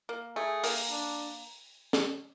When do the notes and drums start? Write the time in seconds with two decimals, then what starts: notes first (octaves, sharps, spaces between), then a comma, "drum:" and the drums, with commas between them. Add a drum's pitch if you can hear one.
0.09 A#3
0.36 A3 G#4
0.64 A#3, drum: open hi-hat
0.90 D4
1.93 drum: snare